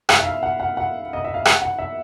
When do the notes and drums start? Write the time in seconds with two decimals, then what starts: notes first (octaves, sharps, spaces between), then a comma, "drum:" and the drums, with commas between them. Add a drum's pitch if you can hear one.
0.09 F5, drum: rim click
0.19 E5
0.25 F5
0.43 F#5
0.60 F#5
0.77 F#5
1.13 D#5
1.24 E5
1.34 F5
1.45 F#5, drum: rim click
1.62 F#5
1.79 E5